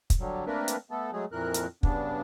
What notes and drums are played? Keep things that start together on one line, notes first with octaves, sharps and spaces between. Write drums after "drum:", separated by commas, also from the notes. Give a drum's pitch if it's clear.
drum: kick, hi-hat
D3 F#3 G3
A3 A#3 C4 D4 A#4 B4
drum: hi-hat
A3 B3 A4
F#3 G#3 A3 G#4
F2 A#2 E3 A#4 F#6
drum: hi-hat
G2 C#3 B3 D4, drum: kick